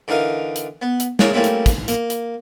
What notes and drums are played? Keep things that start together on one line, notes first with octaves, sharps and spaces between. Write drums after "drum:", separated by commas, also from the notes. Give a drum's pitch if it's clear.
D3 E3 D#4 A#4 F5
drum: hi-hat
B3
drum: hi-hat
A#3 D4 G#4 A#4 C#5 G#5, drum: snare
G3 A3 A#3 C4 C#4 E4
drum: hi-hat
drum: kick, hi-hat
A#3, drum: hi-hat
drum: hi-hat